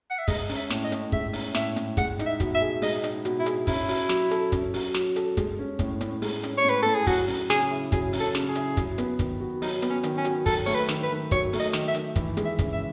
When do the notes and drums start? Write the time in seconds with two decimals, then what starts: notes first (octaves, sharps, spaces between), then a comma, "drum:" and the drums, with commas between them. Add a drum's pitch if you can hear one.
0.11 F#5
0.19 E5
0.28 G#3 D#5, drum: kick, open hi-hat
0.49 C#4, drum: open hi-hat
0.56 E5
0.70 A2, drum: snare
0.84 D#5
0.92 A2, drum: hi-hat
1.12 G#3 E5, drum: kick
1.33 C#4, drum: open hi-hat
1.55 A2 E5, drum: snare
1.76 A2, drum: hi-hat
1.97 G#3 F#5, drum: kick, hi-hat
2.19 D#4, drum: hi-hat
2.26 E5
2.40 B2, drum: kick, hi-hat
2.55 E5
2.61 G#4
2.82 G#3 D#5, drum: open hi-hat
3.04 D#4, drum: hi-hat
3.25 B2, drum: hi-hat
3.39 E4
3.46 G#4, drum: hi-hat
3.67 C#4 E4, drum: kick, open hi-hat
3.89 F#4, drum: open hi-hat
4.09 F#3, drum: snare
4.31 A4, drum: hi-hat
4.52 C#4, drum: kick, hi-hat
4.74 F#4, drum: open hi-hat
4.94 F#3, drum: snare
5.16 A4, drum: hi-hat
5.37 G#3, drum: kick, hi-hat
5.59 C#4
5.79 A2, drum: kick, hi-hat
6.01 A2, drum: hi-hat
6.22 G#3, drum: open hi-hat
6.43 C#4, drum: hi-hat
6.58 C#5
6.65 A2
6.70 B4
6.82 A2 A4
6.95 G#4
7.07 F#3 F#4, drum: kick, open hi-hat
7.28 C#4, drum: open hi-hat
7.50 C#3 G#4, drum: snare
7.70 E4
7.92 F#3 G#4, drum: kick, hi-hat
8.13 C#4, drum: open hi-hat
8.20 A4
8.35 C#3, drum: snare
8.48 G#4
8.55 E4, drum: hi-hat
8.77 F#3, drum: kick, hi-hat
8.98 B3, drum: hi-hat
9.19 D#3, drum: kick, hi-hat
9.40 F#4
9.62 F#3 D#4, drum: open hi-hat
9.82 B3, drum: hi-hat
9.90 C#4
10.03 D#3, drum: hi-hat
10.18 C#4
10.25 F#4, drum: hi-hat
10.46 F#3 A4, drum: kick, open hi-hat
10.66 A3 C#5, drum: open hi-hat
10.75 B4
10.89 D#3, drum: snare
11.04 B4
11.10 D#3
11.31 F#3 C#5, drum: kick, hi-hat
11.53 A3, drum: open hi-hat
11.60 D#5
11.73 D#3, drum: snare
11.88 E5
11.94 D#3, drum: hi-hat
12.16 E3, drum: kick, hi-hat
12.37 G#3, drum: hi-hat
12.45 E5
12.59 C#3, drum: kick, hi-hat
12.73 E5